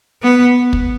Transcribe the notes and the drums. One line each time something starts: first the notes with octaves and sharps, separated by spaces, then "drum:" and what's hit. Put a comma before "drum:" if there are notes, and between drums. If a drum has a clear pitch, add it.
B3
drum: kick